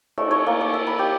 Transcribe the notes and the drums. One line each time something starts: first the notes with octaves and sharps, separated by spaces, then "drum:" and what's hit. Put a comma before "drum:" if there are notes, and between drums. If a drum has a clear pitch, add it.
A3, drum: cymbal
C#5
A#3
D5
E5
B5
G4